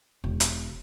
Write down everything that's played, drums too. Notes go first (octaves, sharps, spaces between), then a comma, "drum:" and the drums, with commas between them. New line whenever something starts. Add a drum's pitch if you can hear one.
E1
drum: hi-hat